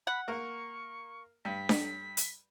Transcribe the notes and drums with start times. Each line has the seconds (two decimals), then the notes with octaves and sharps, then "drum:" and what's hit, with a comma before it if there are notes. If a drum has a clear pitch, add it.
0.07 F#5 B5
0.28 A#3 A#4 C#6
1.45 G2 B6
1.69 drum: snare D4
2.17 drum: hi-hat